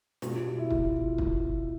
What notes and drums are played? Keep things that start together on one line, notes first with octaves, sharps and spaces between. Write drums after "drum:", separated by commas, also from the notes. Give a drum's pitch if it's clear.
B2 G3 F4, drum: snare
F4
E4
drum: kick
drum: kick